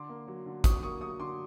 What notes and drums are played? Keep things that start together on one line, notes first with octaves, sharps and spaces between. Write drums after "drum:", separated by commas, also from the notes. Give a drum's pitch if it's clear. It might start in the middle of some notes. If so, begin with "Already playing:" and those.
Already playing: D3 C6 D6
A#3
F#3
D3
D3 C#6 D#6, drum: kick, hi-hat
A#3 C#6 D#6
F#3 C#6 D#6
D3 C6 D6